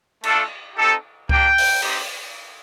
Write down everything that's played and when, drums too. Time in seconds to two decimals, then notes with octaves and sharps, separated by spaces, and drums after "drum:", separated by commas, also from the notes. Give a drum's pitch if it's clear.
0.24 A3 D4 F4 A4, drum: cymbal
0.77 C4 D#4 G4 A4
1.29 A#3 D4 G4 G5, drum: kick C#2
1.58 drum: open hi-hat
1.82 C4 D#4 G4, drum: cymbal